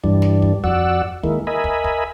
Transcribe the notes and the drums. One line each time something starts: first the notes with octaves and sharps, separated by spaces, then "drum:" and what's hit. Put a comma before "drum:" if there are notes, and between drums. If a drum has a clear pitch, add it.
G2 E3 G3 D4, drum: kick
drum: snare
drum: kick
F2 F#4 D5 F#5 E6, drum: kick
D#3 G#3 A#3 E4, drum: kick
A#4 D#5 E5 G#5 B5
drum: kick
drum: kick